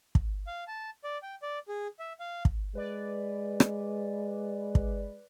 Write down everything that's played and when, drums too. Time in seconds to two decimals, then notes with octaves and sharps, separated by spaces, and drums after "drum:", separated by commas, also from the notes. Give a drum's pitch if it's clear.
0.15 drum: kick
0.47 F5
0.68 A5
1.04 D5
1.23 G5
1.42 D5
1.68 G#4
2.00 E5
2.20 F5
2.45 drum: kick
2.75 G#3 B4 D5
3.60 drum: rim click
4.75 drum: kick